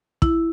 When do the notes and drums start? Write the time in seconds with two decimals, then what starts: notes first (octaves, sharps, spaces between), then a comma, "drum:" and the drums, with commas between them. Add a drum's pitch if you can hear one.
0.22 E4, drum: kick